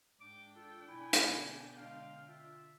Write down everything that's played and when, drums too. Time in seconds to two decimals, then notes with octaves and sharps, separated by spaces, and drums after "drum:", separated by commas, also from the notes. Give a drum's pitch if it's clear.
0.21 G#2 D4 G5 D6
0.56 F4 A4
0.88 B2 D3 E4 G#5
1.13 drum: hi-hat
1.77 G#3 F5
2.27 F4 E5